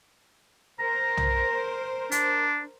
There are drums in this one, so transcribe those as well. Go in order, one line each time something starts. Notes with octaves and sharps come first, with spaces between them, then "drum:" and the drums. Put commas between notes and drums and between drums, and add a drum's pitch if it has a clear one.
A#4 C5 A#5
drum: tom B1
D4, drum: hi-hat